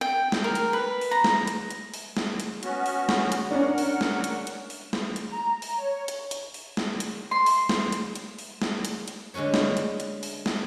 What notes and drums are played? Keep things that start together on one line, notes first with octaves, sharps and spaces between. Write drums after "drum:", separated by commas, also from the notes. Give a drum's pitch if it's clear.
G5
drum: snare
A#4
drum: hi-hat
B4
drum: open hi-hat
A#5
drum: snare
drum: hi-hat
drum: hi-hat
drum: open hi-hat
drum: snare
drum: hi-hat
B3 C#4 F#4, drum: hi-hat
drum: open hi-hat
drum: snare
drum: hi-hat
C#4 D4 A#4 F#5
drum: open hi-hat
drum: snare
drum: hi-hat
drum: hi-hat
drum: open hi-hat
drum: snare
drum: hi-hat
A#5
A#5, drum: open hi-hat
C#5
drum: hi-hat
drum: hi-hat
drum: open hi-hat
drum: snare
drum: hi-hat
C6
drum: open hi-hat
drum: snare
drum: hi-hat
drum: hi-hat
drum: open hi-hat
drum: snare
drum: hi-hat
drum: hi-hat
D3 G#3 C#4 F#4 C#5
drum: snare
drum: hi-hat
drum: hi-hat
drum: open hi-hat
drum: snare